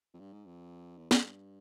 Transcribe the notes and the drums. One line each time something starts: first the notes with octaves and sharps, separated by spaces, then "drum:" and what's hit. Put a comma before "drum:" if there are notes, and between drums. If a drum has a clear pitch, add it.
F2
G2
G#2
F2
E2
F2, drum: snare
G2